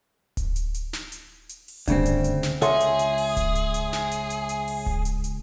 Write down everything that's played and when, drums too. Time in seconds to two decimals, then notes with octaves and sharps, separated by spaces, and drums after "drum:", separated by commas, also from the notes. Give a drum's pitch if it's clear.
0.37 drum: kick D1, hi-hat
0.56 drum: hi-hat
0.74 drum: hi-hat
0.93 drum: snare
1.12 drum: hi-hat
1.49 drum: hi-hat
1.68 drum: open hi-hat
1.88 D2 G2 C#3 C4 D4, drum: kick D1, hi-hat
2.06 drum: hi-hat
2.24 drum: hi-hat
2.43 drum: snare
2.62 C#2 G#4 A4 C#5 E5 F#5 C6, drum: hi-hat
2.80 drum: hi-hat
2.99 drum: hi-hat
3.18 drum: open hi-hat
3.37 drum: kick D1, hi-hat
3.55 drum: hi-hat
3.74 drum: hi-hat
3.93 drum: snare
4.11 drum: hi-hat
4.30 drum: hi-hat
4.49 drum: hi-hat
4.68 drum: open hi-hat
4.86 drum: kick D1
5.05 drum: hi-hat
5.24 drum: hi-hat